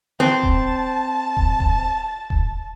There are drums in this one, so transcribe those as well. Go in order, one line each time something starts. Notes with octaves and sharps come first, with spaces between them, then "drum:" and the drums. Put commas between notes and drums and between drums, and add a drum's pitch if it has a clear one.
C4 A5
drum: kick D#1
drum: kick D#1
drum: kick D#1
drum: kick D#1